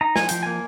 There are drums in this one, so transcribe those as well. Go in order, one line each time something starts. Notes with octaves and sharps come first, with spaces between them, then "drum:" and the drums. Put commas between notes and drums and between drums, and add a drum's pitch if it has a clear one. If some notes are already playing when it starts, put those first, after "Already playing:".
D#4 A#5
F3 G#5, drum: snare
F3 G5, drum: hi-hat
A#3 G#5